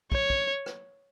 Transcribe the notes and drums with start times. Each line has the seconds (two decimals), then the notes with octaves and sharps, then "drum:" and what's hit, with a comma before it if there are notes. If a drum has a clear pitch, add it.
0.12 C#5, drum: kick
0.30 drum: kick
0.66 drum: rim click